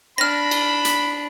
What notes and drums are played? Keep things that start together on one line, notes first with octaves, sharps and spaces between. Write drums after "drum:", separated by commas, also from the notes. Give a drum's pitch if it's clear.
D4 B5 F6 A#6
drum: cymbal
drum: hi-hat